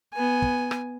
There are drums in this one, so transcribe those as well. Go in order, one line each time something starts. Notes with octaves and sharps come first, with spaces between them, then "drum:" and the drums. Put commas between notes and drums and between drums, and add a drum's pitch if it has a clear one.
B3 G#5
drum: kick
drum: rim click